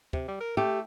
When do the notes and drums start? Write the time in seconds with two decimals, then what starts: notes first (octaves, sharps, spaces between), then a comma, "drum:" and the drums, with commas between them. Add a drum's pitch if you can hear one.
0.13 C3, drum: kick
0.28 G3
0.41 A#4
0.57 A3 G4